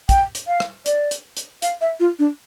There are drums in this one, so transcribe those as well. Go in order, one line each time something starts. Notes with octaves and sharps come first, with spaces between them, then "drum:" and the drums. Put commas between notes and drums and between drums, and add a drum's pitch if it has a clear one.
G5, drum: kick, hi-hat
drum: hi-hat
F5
drum: rim click
D5, drum: hi-hat
drum: hi-hat
drum: hi-hat
F5, drum: hi-hat
E5
F4
D4